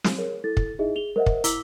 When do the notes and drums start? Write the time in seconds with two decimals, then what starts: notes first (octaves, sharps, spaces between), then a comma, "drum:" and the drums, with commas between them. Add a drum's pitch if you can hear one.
0.04 drum: snare
0.18 G#4 A#4 C#5
0.44 E4 A4 A6
0.57 drum: kick
0.79 D#4 E4 G#4 D#5 E5
0.95 G#4 F7 G7
1.16 A#4 C5 D#5 E5 F#5
1.26 drum: kick
1.44 E4 A#5 D6 E6 B6 G7, drum: hi-hat